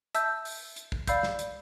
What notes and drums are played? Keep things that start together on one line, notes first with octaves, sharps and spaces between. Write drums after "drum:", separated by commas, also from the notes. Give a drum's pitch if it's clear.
E5 A5 E6 G6, drum: hi-hat
drum: open hi-hat
drum: hi-hat
drum: kick
D5 F5 B5 E6 G6, drum: kick, hi-hat
drum: snare
drum: hi-hat